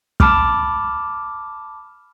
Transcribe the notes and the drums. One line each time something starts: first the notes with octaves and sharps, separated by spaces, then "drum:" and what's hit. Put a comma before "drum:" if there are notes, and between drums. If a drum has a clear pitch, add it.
A5 B5 D6 F6, drum: kick